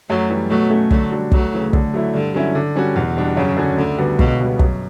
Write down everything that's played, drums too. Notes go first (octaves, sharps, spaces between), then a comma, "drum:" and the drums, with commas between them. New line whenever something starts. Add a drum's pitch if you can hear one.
F#2 F#3 A3
E3 G3
B2 F#3 A3
A3 C#4 F#4
D3 F#3 A3, drum: kick
G3 D4 F#4
D2 F#3 A3, drum: kick
C#3 E3
D3, drum: kick
F#3 A3 E4
G2 D3
F#3 C#4 E4
D3
G3 C#4 F#4
E2 B2
B2 G3 D4 F#4
F#2 C#3
D3 F#3 C#4 F#4
D2 D3
D3 G3 B3 F#4
C#2 B2, drum: kick
B2 G3 B3
F#2, drum: kick